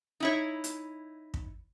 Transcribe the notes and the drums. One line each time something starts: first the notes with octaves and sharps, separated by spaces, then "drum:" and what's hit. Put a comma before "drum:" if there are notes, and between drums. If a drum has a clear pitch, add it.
D#4 E4 C#5
drum: hi-hat
drum: kick